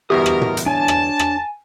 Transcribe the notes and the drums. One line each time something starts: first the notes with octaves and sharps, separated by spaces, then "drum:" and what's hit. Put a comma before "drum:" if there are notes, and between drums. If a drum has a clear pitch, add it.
G1 E2 B2 E3 G4 A#4 D#6
drum: rim click
drum: tom
drum: hi-hat
D4 C#5 G#5 A5
drum: rim click
drum: rim click